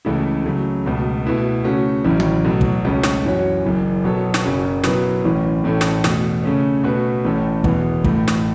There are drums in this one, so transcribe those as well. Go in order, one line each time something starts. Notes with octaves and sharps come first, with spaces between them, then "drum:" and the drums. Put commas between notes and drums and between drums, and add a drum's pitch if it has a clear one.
C#2 C#3 E3 A3 E4
C#3 F#3 A3
C#2 B2 A3
B2 A3 E4 B4
C#3 A3 C#4 F#4
A1 A2 F#3 C#4 E4
drum: tom D3
B2 F#3 A3
drum: kick
C#2 C#3 A3 C#4
drum: snare
F#2 E3 C#4 F#4 C#5
F#1 F#2 E3
B2 F#3 B3 A4 C#5
drum: snare
F#1 F#2 C#3 F#3 C#4
B2 F#3 B3 E4 B4, drum: snare
A1 A2 E3 C#4
A1 A2 A3 C#4 A4
drum: snare
E2 B2 A3, drum: snare
C#3 A3 C#4
B2 A3 F#4 B4
A1 A2 A3 C#4 A4
E1 E2 B2 B3 E4, drum: kick
A1 A2 A3, drum: kick
drum: snare